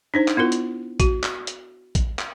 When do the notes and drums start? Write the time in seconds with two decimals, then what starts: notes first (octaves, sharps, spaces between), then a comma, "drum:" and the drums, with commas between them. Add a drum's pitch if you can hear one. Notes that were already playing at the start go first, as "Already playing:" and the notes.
0.14 D4 D#4 C5
0.28 drum: clap
0.37 B3 E4 F4 A#4
0.52 drum: hi-hat
1.00 F#4, drum: kick, hi-hat
1.23 drum: clap
1.47 drum: hi-hat
1.95 drum: kick, hi-hat
2.19 drum: clap